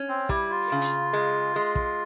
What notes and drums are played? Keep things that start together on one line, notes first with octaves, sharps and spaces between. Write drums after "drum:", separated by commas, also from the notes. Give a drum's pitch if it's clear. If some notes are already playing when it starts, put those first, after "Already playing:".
Already playing: C#4
C4
G3 E4, drum: kick
F4
C#3
drum: hi-hat
G#3
G#3
drum: kick